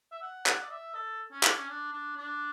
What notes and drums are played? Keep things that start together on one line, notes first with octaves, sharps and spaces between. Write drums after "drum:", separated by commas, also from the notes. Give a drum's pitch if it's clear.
E5
F#5
F#5, drum: clap
D5
E5
A4
C#4
D4, drum: clap
C#4
D4
D4
D4